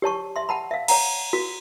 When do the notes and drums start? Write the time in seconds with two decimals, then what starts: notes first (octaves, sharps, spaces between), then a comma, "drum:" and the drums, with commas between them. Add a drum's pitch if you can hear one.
0.02 G4 C#5 A5 C#6
0.36 E5 C6
0.49 F#5 A5 B5
0.71 E5 F5
0.88 C#5 F#5 A#5, drum: cymbal
1.33 F#4